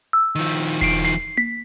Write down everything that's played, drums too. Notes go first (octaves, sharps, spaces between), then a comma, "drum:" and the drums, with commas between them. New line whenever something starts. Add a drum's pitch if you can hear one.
E6
D#3 F3
C7 D7, drum: kick E1
C7, drum: snare
B6, drum: tom A#3